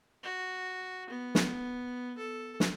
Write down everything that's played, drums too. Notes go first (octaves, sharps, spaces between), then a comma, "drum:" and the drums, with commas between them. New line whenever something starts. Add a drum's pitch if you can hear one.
F#4
B3
drum: snare
A4
drum: snare